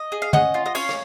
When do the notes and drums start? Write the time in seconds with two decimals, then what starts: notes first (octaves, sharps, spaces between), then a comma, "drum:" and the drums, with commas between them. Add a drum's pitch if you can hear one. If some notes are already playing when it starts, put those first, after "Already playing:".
Already playing: D#5
0.12 G#4
0.22 F5
0.33 C#4 D#5 F#5, drum: tom
0.54 F4
0.66 D#5
0.75 C#4 C#5 F5, drum: cymbal
0.89 drum: rim click